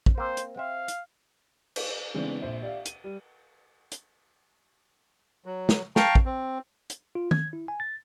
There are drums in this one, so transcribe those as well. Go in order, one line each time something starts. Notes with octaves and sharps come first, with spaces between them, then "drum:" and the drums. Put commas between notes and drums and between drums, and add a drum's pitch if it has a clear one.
drum: kick
A#3 C4 C5
drum: hi-hat
C4 E5 F5
drum: hi-hat
drum: cymbal
C#3 E3 G#3 B3 C4 D4
A#1 C5 E5
G4 D5 E5 F5
D#7, drum: hi-hat
G3
drum: hi-hat
F#3
drum: snare
F5 G5 A5 A#5 C#6, drum: snare
drum: kick
C4
drum: hi-hat
F4
G#6, drum: tom D#3
E4
G#5
A6